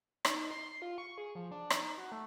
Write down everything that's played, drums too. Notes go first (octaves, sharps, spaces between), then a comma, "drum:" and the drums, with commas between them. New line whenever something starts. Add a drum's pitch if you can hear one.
D#4, drum: rim click
C6
C7
F4
C#6
G#4
F3
D4
D#4, drum: rim click
F#4
A3